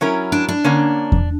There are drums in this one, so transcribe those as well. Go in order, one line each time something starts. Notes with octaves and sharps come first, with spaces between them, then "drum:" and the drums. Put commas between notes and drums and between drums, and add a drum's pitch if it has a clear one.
F#3 C#4 E4 A#4
D4
D4
D3 A#3 C#4
drum: kick E2